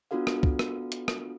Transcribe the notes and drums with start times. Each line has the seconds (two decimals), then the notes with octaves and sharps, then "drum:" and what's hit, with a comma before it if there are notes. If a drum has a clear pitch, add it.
0.11 B3 D4 F4 F#4 A4 F5
0.27 drum: rim click
0.43 drum: kick
0.59 drum: rim click
0.92 drum: hi-hat
1.08 drum: rim click